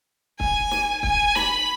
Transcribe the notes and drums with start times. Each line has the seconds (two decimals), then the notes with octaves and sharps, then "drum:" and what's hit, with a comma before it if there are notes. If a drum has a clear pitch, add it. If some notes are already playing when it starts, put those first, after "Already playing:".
0.40 G#5, drum: kick
0.71 drum: snare
1.03 G#5, drum: kick
1.36 B5, drum: snare